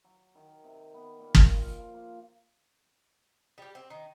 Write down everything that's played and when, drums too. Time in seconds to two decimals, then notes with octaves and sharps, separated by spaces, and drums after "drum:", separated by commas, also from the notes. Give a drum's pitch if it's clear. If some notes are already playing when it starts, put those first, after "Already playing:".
0.04 F#3
0.35 D#3
0.64 C3
0.94 B3
1.19 A#2
1.35 G5, drum: kick
1.56 F4
1.79 F3
1.94 A#3
3.58 G3 G4
3.75 C4
3.90 D#3